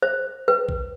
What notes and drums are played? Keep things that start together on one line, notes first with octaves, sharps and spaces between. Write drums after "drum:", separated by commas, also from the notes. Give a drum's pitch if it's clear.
C5
B4
drum: kick A#1